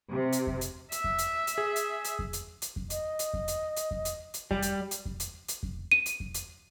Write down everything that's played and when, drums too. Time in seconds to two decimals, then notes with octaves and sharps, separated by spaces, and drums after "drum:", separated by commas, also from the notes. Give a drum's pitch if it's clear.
0.10 C3
0.33 drum: hi-hat
0.47 drum: kick F2
0.61 drum: hi-hat
0.92 E5, drum: hi-hat
1.04 drum: kick F2
1.19 drum: hi-hat
1.47 drum: hi-hat
1.58 G#4
1.76 drum: hi-hat
2.05 drum: hi-hat
2.19 drum: kick F2
2.33 drum: hi-hat
2.62 drum: hi-hat
2.76 drum: kick F2
2.90 D#5, drum: hi-hat
3.19 drum: hi-hat
3.34 drum: kick F2
3.48 drum: hi-hat
3.77 drum: hi-hat
3.91 drum: kick F2
4.05 drum: hi-hat
4.34 drum: hi-hat
4.51 G3, drum: kick F2
4.63 drum: hi-hat
4.91 drum: hi-hat
5.06 drum: kick F2
5.20 drum: hi-hat
5.48 drum: hi-hat
5.63 drum: kick F2
5.91 D#7
6.06 drum: hi-hat
6.20 drum: kick F2
6.34 drum: hi-hat